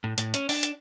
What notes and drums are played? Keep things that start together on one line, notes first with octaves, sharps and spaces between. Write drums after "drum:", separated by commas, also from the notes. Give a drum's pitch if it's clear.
A2
A2, drum: hi-hat
C#4, drum: hi-hat
D4, drum: open hi-hat
drum: hi-hat